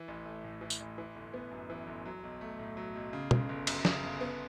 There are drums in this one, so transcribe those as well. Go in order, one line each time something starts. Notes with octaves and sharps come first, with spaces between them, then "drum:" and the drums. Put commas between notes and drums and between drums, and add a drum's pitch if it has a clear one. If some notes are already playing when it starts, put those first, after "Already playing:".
Already playing: E3
A1
A3
A2
E3
drum: tambourine
A1
E3
G1
B3
F#2
E3
G1
F#3
B1
A3
A2
F#3
B1
C#3
G1, drum: tom B2
G1
F#2, drum: cymbal
C#3, drum: snare
G1
B3